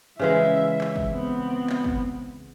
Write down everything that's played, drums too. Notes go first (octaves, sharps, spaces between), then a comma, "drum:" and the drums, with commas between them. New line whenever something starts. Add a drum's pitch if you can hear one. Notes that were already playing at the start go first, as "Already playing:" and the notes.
C#3 E3 G#3 E5
drum: clap
drum: kick
B3 C4
drum: clap
drum: kick